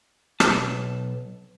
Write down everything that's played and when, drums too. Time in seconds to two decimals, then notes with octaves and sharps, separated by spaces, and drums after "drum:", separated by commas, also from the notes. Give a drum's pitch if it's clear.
0.40 B1 C3 A5, drum: rim click